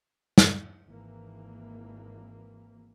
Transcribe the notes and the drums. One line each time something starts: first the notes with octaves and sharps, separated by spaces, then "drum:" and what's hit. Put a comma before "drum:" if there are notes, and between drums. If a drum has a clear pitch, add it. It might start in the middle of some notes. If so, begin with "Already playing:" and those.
drum: snare
G#1 E3 A#3